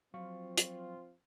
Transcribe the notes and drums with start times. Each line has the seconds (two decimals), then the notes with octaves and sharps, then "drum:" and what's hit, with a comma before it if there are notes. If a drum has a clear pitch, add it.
0.14 F3 F#3 C4 F4 F5 C#6
0.58 drum: hi-hat